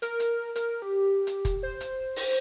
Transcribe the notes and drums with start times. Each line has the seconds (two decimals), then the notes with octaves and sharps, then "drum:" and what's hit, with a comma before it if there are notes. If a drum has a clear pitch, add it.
0.02 A#4, drum: hi-hat
0.20 drum: hi-hat
0.56 A#4, drum: hi-hat
0.82 G4
1.27 drum: hi-hat
1.45 drum: kick, hi-hat
1.63 C5
1.81 drum: hi-hat
2.16 drum: open hi-hat